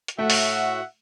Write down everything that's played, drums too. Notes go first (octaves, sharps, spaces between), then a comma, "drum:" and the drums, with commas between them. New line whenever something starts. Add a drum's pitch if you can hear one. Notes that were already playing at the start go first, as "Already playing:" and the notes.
drum: hi-hat
A2 A3 F#4 E5 F#5
drum: open hi-hat